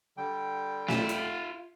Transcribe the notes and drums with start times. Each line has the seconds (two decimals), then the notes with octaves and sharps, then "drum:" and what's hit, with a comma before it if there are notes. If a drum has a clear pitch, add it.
0.17 D3 G3 G5
0.88 F4 E5, drum: snare
1.09 drum: hi-hat